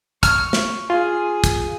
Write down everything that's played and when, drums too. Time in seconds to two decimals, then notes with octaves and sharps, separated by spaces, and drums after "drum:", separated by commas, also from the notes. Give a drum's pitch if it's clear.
0.23 C#6 F6, drum: kick, hi-hat
0.53 drum: snare
0.90 F4 G#4 G#5
1.44 drum: kick, hi-hat